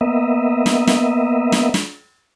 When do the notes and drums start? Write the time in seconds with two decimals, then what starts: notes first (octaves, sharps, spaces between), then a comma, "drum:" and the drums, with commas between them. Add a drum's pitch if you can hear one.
0.01 A#3 B3 D#5 E5
0.66 drum: snare
0.87 drum: snare
1.52 drum: snare
1.74 drum: snare